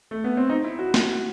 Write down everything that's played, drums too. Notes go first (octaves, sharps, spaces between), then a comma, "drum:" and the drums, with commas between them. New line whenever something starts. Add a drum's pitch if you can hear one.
A3
B3
C4
D#4
E4
F#4
drum: snare